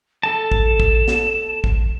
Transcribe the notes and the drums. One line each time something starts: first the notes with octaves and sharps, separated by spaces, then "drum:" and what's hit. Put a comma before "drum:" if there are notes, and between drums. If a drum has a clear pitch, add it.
A4 A5 E7
drum: kick
drum: kick
drum: snare
drum: kick